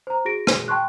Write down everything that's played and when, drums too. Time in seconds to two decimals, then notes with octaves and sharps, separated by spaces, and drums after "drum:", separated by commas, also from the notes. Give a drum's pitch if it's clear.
0.07 C5 A#5
0.25 F#4 G#4 A#6 D7
0.47 drum: rim click
0.68 G5 A5 C6 C#6 F#6